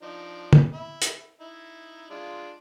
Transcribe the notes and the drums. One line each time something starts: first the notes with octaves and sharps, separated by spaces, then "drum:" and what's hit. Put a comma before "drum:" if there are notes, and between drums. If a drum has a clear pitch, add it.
F3 D4 D#4
drum: tom
E5 B5
drum: hi-hat
D#4 E4
G#3 D4 F4